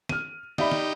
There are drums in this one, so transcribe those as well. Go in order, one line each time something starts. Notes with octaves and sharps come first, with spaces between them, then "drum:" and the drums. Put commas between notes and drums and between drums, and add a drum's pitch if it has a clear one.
F6 D#7, drum: snare
D#4 G4 D5 E5 B5, drum: snare
drum: snare